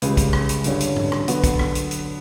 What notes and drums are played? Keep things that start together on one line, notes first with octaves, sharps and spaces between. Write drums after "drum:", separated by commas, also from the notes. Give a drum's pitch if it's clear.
C#2 C#3 G3, drum: hi-hat
drum: kick, hi-hat
drum: rim click
drum: hi-hat
G2 D3 G3 C#4, drum: hi-hat
drum: hi-hat
drum: tom G#2
drum: rim click
D3 F#3 B3 F#4, drum: hi-hat
drum: kick, hi-hat
drum: rim click
drum: hi-hat
drum: hi-hat